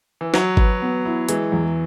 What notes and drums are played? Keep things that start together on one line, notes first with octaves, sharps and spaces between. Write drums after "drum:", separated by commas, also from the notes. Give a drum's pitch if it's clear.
E3
F#3 F#4, drum: snare
B4, drum: kick G#1
B3
E4
E3 G#3, drum: hi-hat
E2